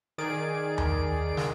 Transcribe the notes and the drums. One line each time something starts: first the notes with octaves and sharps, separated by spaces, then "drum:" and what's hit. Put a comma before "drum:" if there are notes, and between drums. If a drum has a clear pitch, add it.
D#3 G#4 D5 D7
drum: tom D#2
drum: snare